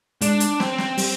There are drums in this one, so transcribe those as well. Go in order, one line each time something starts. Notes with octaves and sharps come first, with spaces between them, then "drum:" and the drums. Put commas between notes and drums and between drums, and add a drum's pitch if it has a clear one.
G#3 D4, drum: hi-hat
drum: hi-hat
C4, drum: snare
drum: snare
G3, drum: open hi-hat